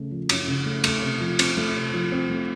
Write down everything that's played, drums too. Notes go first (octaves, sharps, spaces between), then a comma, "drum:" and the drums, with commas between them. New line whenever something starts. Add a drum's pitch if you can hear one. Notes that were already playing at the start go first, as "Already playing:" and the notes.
Already playing: C#3 A3
F3
F#2, drum: cymbal
C#3
A3
A3, drum: cymbal
C3
F3
C4, drum: cymbal
A3
C3
F3
C4
A3